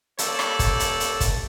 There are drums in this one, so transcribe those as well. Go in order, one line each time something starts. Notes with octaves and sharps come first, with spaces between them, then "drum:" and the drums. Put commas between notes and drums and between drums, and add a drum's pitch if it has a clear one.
G3 A#3 A4 C#5 D5, drum: hi-hat
drum: rim click
drum: kick, hi-hat
drum: hi-hat
drum: hi-hat
drum: kick, hi-hat